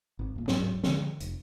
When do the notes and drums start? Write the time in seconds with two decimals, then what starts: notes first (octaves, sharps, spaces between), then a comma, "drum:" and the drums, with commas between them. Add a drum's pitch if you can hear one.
0.19 G#1
0.36 D#1 A#2
0.48 D1 G#2 F#3, drum: snare
0.84 D3 F3 G#3, drum: snare
1.20 F1, drum: hi-hat